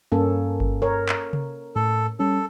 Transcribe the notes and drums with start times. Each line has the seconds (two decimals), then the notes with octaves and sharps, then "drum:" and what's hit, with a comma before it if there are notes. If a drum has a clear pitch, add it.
0.12 G2 A#3 C#4 A4
0.60 drum: kick G1
0.82 A#4 C#5
1.09 drum: clap
1.33 drum: tom C3
1.76 A2 A4
2.19 G3 C#4 A4